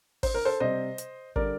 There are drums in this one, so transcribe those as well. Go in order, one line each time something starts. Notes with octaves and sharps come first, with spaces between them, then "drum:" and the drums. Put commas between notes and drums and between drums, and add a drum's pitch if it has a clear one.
C5, drum: kick, open hi-hat
A#4
A4 C5
C3 G3 C5 D#5
drum: hi-hat
D3 G3 A#4 D5, drum: kick